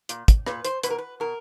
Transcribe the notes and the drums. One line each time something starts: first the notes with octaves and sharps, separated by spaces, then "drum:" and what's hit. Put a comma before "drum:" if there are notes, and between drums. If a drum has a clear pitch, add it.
A#2, drum: hi-hat
drum: kick, hi-hat
A#2 B4, drum: rim click
C5, drum: hi-hat
B2 B4, drum: hi-hat
A#4
B4
B2 A#4